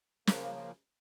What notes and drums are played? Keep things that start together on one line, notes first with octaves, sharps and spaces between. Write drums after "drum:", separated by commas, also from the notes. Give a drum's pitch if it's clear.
C#3 F3 A#3, drum: snare